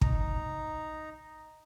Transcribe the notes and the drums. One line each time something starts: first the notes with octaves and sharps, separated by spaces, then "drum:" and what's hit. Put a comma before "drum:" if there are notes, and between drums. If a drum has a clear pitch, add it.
D#4 A#5, drum: kick